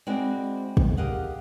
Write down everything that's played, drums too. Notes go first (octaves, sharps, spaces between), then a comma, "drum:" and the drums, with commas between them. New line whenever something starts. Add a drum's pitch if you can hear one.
G#3 C4 E4 F#4 C5 D5
drum: kick
G4 G#4 A#4 D#5 F5 F#5